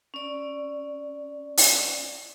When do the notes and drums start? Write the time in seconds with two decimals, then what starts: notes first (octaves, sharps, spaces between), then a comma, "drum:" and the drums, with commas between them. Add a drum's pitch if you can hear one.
0.14 C#4 D5
1.58 drum: open hi-hat